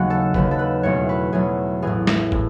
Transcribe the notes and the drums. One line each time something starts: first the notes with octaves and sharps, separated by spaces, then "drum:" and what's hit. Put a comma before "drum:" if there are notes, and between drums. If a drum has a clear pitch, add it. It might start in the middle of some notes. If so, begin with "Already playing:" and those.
Already playing: D#2 C#3 F#3 F#4
A4
D#2 C#3 F#3 B4, drum: kick
A4
B4
E2 B2 F#3 A3 C#5
B4
E2 B2 F#3 A3 G#4
A1 A2 E3 G#4
drum: snare
A2 E3, drum: kick